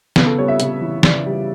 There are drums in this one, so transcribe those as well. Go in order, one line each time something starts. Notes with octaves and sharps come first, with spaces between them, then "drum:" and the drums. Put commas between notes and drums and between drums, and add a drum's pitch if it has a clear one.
C#3 B3, drum: snare
A4
G3 C#5
E5
C#3, drum: hi-hat
E3
C#3 D5, drum: snare
G3